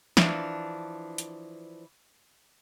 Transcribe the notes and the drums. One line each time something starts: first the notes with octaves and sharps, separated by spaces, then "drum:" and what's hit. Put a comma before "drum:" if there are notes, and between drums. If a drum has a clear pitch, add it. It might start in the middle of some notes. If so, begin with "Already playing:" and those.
E3 F3 D4, drum: snare
drum: hi-hat